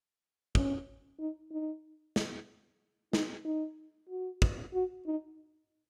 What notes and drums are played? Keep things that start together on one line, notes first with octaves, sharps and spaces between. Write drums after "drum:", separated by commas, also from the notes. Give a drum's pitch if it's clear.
C#4, drum: kick
D#4
D#4
drum: snare
D#4, drum: snare
D#4
F#4
drum: kick
F#4
D#4